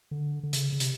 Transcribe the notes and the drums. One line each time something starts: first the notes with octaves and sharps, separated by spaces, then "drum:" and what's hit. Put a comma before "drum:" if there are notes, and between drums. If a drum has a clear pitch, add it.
D3
D3
C#3, drum: hi-hat
C#3
C3, drum: hi-hat